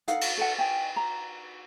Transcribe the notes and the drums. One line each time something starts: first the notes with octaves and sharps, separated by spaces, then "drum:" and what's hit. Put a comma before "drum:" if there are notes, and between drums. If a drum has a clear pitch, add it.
D#4 A4 F5 F#5, drum: hi-hat
drum: cymbal
A4 E5 F#5
D#5 G5 G#5
A#5